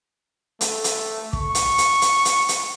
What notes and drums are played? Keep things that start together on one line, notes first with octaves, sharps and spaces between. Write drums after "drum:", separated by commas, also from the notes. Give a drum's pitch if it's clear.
A3, drum: hi-hat
drum: hi-hat
C#6, drum: kick
drum: hi-hat
drum: hi-hat
drum: hi-hat
drum: hi-hat
drum: hi-hat